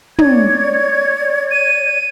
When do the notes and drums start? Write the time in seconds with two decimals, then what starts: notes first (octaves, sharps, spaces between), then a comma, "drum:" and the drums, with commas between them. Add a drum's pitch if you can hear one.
0.18 C#5 D5 G#6, drum: tom
1.51 D#7